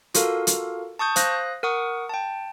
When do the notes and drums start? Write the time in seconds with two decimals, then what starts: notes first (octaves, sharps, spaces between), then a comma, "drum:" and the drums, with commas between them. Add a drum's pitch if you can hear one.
0.14 F4 F#4 A4 A#4 F5, drum: hi-hat
0.47 drum: hi-hat
0.99 A5 C#6 D#6 G6
1.16 C5 F5 D#6 F#6 A#6, drum: hi-hat
1.63 A#4 F#5 C#6 D#6
2.09 G5 A5